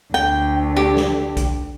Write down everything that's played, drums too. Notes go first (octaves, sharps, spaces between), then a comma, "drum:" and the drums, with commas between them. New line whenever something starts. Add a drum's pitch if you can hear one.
D2 G5
G4
drum: snare
drum: kick B1, hi-hat